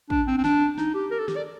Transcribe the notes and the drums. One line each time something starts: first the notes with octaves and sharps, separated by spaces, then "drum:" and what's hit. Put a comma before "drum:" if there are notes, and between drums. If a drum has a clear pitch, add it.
D4, drum: kick
C4
C4
D4, drum: snare
D#4, drum: snare
G4
A#4
A4
G4, drum: snare
D5